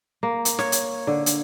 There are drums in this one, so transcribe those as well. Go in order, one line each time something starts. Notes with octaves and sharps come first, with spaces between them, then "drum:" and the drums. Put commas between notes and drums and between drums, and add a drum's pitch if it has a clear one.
A#3
drum: hi-hat
C#5, drum: snare
drum: hi-hat
D3
drum: hi-hat